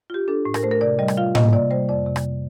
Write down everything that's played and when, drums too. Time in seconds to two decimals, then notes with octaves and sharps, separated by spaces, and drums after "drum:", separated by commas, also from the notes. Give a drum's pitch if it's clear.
0.10 F4 G4
0.28 D4 A4
0.45 A2
0.54 A#4, drum: rim click
0.63 A3 C5
0.71 A#4
0.81 C3 D5
0.99 G3 D#5
1.08 drum: rim click
1.17 F4 F5
1.35 A#3 D#5, drum: tom A2
1.53 C3 D5
1.71 G3 C5
1.89 F2 D5
2.06 C3
2.16 drum: rim click